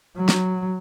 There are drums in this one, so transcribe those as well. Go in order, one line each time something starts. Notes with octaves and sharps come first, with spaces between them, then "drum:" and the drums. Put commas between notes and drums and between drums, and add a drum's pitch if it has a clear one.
F#3
drum: snare